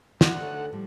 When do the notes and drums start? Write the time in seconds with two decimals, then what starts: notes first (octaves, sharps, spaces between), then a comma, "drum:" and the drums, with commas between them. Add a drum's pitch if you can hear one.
0.21 D2 F#5, drum: snare
0.39 D#4 A4 C#5
0.73 A2 F3 G3